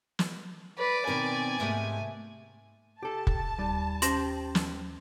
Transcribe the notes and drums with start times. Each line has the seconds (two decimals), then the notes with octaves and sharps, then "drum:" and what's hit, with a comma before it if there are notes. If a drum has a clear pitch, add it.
0.19 drum: snare
0.78 B4 D5
1.07 B2 D#3 C4 A#4 G#5
1.60 G#2 C3 A3 A#3
3.03 G4 A4 A5
3.27 drum: kick
3.59 D#2 G3
4.02 C#4 G4 C5 C6 A#6 E7, drum: hi-hat
4.55 drum: snare